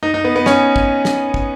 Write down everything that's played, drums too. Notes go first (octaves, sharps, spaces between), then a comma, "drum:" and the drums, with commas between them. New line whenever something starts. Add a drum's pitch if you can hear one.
D#4
D#4
B3
B3
C#4, drum: snare
drum: kick
drum: snare
drum: kick